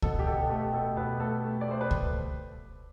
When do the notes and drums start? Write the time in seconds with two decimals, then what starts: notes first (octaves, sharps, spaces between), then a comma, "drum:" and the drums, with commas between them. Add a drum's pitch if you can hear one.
0.02 B2 A4, drum: kick C#2
0.19 G4
0.26 B2 A4
0.39 A4
0.49 A3 G4
0.73 B2 A4
0.97 B2 B4
1.20 A3 A4
1.44 A3
1.61 D5
1.67 A3 C5
1.81 B4
1.91 drum: kick C#2